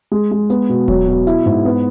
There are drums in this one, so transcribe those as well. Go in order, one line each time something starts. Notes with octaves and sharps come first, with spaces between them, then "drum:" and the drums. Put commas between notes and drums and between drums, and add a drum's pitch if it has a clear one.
G#3
G#3
B3, drum: hi-hat
B2
F#3, drum: kick D#1
B2
E4, drum: hi-hat
G#2
B3